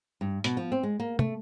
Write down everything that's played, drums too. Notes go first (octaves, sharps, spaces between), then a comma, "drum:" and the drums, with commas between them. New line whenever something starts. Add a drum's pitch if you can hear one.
G2
B2, drum: hi-hat
F3
C4
G#3
A#3
A3, drum: tom